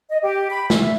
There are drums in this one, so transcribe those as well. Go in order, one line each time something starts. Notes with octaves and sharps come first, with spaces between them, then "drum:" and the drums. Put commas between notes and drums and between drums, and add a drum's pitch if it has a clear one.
D#5
G4
B5
E5, drum: snare